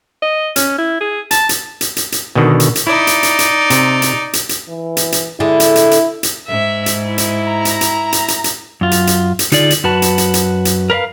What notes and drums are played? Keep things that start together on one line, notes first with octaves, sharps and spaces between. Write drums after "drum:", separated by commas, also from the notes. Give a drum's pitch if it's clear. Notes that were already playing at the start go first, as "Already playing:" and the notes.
D#5
C#4, drum: hi-hat
E4
G#4
A5, drum: hi-hat
drum: hi-hat
drum: hi-hat
drum: hi-hat
drum: hi-hat
B2 D3 D#3
drum: hi-hat
drum: hi-hat
D#4 E4 D5
drum: hi-hat
drum: hi-hat
drum: hi-hat
C3, drum: hi-hat
drum: hi-hat
drum: hi-hat
drum: hi-hat
E3
drum: hi-hat
drum: hi-hat
D3 G#3 E4
drum: hi-hat
drum: hi-hat
drum: hi-hat
drum: hi-hat
G#2 E5
drum: hi-hat
E4
drum: hi-hat
A#5
drum: hi-hat
drum: hi-hat
drum: hi-hat
drum: hi-hat
drum: hi-hat
F#2 F4
drum: hi-hat
drum: hi-hat
drum: hi-hat
D3 D#4 F4 G#4 D5, drum: hi-hat
drum: hi-hat
F#2 F#4 B4 A5
drum: hi-hat
drum: hi-hat
drum: hi-hat
drum: hi-hat
A#4 B4 D5 F5